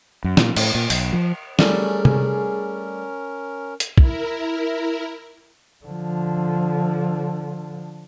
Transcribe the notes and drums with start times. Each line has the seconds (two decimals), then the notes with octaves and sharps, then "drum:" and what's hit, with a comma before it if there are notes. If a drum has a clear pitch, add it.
0.24 F#2
0.37 A#2, drum: snare
0.56 A2, drum: cymbal
0.75 A#2
0.90 B1, drum: open hi-hat
1.13 F3
1.59 G3 A3 C#4 G#4 A#4, drum: snare
2.05 drum: tom C3
3.80 drum: hi-hat
3.98 E4 A#4, drum: kick
5.85 D3 F3